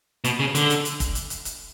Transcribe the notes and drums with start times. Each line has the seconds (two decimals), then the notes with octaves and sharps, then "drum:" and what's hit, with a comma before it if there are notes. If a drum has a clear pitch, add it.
0.25 B2, drum: hi-hat
0.40 C#3
0.55 D3, drum: hi-hat
0.70 drum: hi-hat
0.85 drum: hi-hat
1.00 drum: kick, hi-hat
1.15 drum: hi-hat
1.30 drum: hi-hat
1.45 drum: hi-hat